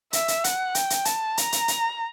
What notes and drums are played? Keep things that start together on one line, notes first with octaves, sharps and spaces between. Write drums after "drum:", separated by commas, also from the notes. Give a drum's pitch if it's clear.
E5, drum: hi-hat
drum: hi-hat
F#5, drum: hi-hat
G5, drum: hi-hat
drum: hi-hat
A5, drum: hi-hat
A#5, drum: hi-hat
drum: hi-hat
drum: hi-hat